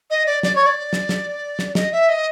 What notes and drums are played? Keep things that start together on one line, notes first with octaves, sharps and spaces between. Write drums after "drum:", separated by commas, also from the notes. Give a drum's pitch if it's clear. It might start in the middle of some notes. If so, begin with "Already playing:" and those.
D#5
D5
D5, drum: snare
C#5
D5
drum: snare
drum: snare
drum: snare
D#5, drum: snare
E5
D#5